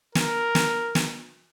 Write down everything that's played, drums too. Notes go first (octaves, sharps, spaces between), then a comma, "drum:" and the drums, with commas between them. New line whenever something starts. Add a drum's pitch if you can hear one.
A#4, drum: snare
drum: snare
drum: snare